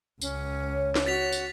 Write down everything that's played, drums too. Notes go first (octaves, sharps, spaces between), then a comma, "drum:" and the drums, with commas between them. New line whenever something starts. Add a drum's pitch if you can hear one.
C#2 C#4, drum: tambourine
C#5
drum: snare
F#4 A6 B6 F7
drum: tambourine